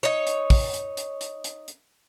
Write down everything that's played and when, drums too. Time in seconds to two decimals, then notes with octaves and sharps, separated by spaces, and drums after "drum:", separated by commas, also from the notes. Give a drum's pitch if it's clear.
0.03 D#4 C#5
0.27 drum: hi-hat
0.50 drum: kick, open hi-hat
0.74 drum: hi-hat
0.97 drum: hi-hat
1.21 drum: hi-hat
1.44 drum: hi-hat
1.68 drum: hi-hat